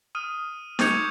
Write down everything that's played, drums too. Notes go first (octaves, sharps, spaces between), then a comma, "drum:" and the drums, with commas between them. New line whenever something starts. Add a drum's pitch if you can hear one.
D#6 F6 D#7
C#6 D6 G6 G#6 C#7 F7, drum: snare D#4